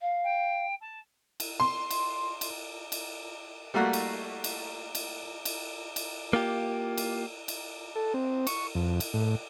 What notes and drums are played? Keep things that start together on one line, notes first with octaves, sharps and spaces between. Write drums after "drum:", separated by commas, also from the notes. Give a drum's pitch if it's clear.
F5
G5
A5
drum: cymbal
C6
drum: cymbal
drum: cymbal
drum: cymbal
G3 A3 A#3 F#4 F#5
drum: cymbal
drum: cymbal
drum: cymbal
drum: cymbal
drum: cymbal
A#3 F4 G4
drum: cymbal
drum: cymbal
A4
C4
C#6, drum: cymbal
F2
drum: cymbal
A2